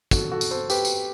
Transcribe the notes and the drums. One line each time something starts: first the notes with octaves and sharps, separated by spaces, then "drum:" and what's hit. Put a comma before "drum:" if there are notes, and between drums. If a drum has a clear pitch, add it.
F#4 A4, drum: kick, tambourine
F#4 A4
drum: tambourine
A4 C5
G4 B4, drum: tambourine
drum: tambourine